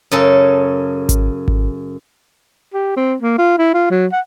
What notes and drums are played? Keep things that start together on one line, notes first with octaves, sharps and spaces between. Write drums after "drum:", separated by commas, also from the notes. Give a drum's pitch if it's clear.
F#2 C#3 A4
drum: kick G#1, hi-hat
drum: kick G#1
G4
C4
A#3
F4
E4
F4
F#3
F#5